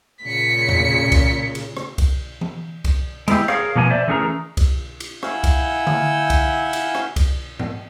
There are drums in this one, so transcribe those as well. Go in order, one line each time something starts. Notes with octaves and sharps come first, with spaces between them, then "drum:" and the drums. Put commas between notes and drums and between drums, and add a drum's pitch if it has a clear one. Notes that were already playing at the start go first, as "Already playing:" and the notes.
A#2 C#3 B6 C#7
drum: tom E2
drum: kick C2, cymbal
drum: cymbal
drum: rim click
drum: kick C2, cymbal
drum: tom E3
drum: kick C2, cymbal
G#3 B3 E4 G4, drum: cymbal
G#4 A#4 C#5 F5, drum: rim click
B2 F3 A#3 A4 G#5
C5 D5 E5
E3 A3 C#4 G#4 A#4 A#5
drum: kick C2, cymbal
drum: cymbal
E4 F5 F#5 G#5 E6 G6, drum: rim click
drum: kick C2, cymbal
drum: tom D3
drum: kick C2, cymbal
drum: cymbal
drum: rim click
drum: kick C2, cymbal
drum: tom G#2